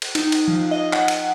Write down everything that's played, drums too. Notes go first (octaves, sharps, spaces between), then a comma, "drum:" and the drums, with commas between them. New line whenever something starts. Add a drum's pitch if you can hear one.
drum: cymbal
D#4, drum: cymbal
drum: cymbal
F3
D#5
F#5, drum: clap
drum: cymbal